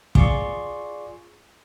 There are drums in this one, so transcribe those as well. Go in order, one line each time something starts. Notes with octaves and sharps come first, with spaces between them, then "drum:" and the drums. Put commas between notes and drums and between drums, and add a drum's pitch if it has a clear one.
F4 G#4 D5 C6 C#6, drum: kick